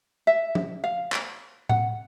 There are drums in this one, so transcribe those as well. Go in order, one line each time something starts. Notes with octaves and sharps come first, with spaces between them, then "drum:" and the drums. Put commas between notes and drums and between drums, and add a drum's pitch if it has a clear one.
E5
drum: tom F3
F5
drum: clap
F#5, drum: tom A2